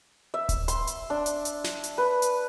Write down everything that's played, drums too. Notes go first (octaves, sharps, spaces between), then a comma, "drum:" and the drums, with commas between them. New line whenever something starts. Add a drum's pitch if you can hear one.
E5
drum: kick D#1, hi-hat
C6, drum: hi-hat
drum: hi-hat
D4
drum: hi-hat
drum: hi-hat
drum: snare
drum: hi-hat
B4
drum: hi-hat